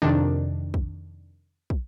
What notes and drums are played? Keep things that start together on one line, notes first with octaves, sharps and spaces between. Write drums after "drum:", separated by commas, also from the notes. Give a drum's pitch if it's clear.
F2 C3 D#3 D4
drum: kick
drum: kick